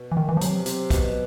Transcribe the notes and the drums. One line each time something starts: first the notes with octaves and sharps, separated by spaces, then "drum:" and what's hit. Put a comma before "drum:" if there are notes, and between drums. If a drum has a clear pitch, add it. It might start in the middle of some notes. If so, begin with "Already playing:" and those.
Already playing: B2
E3
D#3
E3
F3
C3 F#3, drum: hi-hat
C3, drum: hi-hat
B2, drum: kick, hi-hat